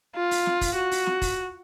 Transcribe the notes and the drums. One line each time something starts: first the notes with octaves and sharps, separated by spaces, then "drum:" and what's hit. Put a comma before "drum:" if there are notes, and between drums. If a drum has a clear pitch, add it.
F4
drum: open hi-hat
drum: snare
drum: kick, open hi-hat
F#4
drum: open hi-hat
drum: snare
drum: kick, open hi-hat